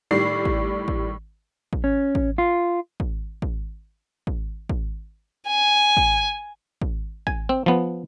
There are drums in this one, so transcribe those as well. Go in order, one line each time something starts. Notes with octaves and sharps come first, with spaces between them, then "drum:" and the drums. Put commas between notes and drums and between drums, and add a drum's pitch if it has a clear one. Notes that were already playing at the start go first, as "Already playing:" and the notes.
A2 D#3 G3 D5 C7
drum: kick
drum: kick
drum: kick
C#4
drum: kick
F4
drum: kick
drum: kick
drum: kick
drum: kick
G#5
drum: kick
drum: kick
G#5, drum: kick
C4
F3 B3